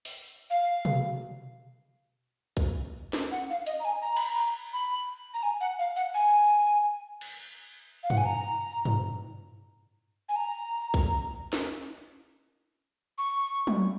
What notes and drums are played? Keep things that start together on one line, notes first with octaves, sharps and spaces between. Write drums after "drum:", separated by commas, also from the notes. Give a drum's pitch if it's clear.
drum: open hi-hat
F5
drum: tom B2
drum: kick B1
drum: snare
F#5
F5
D#5, drum: hi-hat
A#5
G#5
A#5
B5, drum: cymbal
A#5
B5
A#5
G#5
F#5
F5
F#5
G#5
drum: cymbal
F5
F#5, drum: tom G2
G#5
A#5
drum: tom G2
G#5
A#5
drum: kick B1
drum: snare
C#6
drum: tom F#3